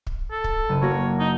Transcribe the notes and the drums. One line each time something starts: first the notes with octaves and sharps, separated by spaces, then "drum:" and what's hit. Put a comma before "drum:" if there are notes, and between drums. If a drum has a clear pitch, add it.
drum: kick
A4
drum: kick
F#1 D#7
A#3 F#4 C#5 A#6
D#4